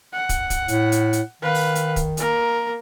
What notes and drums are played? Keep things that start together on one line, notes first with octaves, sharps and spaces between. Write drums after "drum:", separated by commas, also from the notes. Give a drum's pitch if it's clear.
F#5
drum: kick, hi-hat
drum: kick, hi-hat
A2, drum: hi-hat
drum: hi-hat
drum: hi-hat
D#3 B4 F5
drum: open hi-hat
drum: hi-hat
drum: kick, hi-hat
A#3 A#4, drum: hi-hat